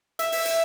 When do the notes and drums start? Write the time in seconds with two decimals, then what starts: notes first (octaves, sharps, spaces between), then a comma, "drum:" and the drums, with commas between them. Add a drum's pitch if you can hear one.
0.19 E5, drum: hi-hat
0.32 drum: open hi-hat
0.45 drum: hi-hat